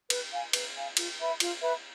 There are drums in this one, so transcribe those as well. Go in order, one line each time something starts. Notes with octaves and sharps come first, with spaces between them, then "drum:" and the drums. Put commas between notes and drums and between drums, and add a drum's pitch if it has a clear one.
B4, drum: cymbal
F5 G#5
B4, drum: cymbal
F5 G#5
F4, drum: cymbal
B4 E5 B5
F4, drum: cymbal
B4 E5 B5